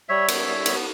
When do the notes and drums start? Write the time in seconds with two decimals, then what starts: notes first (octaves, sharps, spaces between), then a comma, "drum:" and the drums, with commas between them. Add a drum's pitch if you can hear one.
0.09 G3 C#5 E5
0.28 B3, drum: cymbal
0.47 G3
0.66 B3, drum: cymbal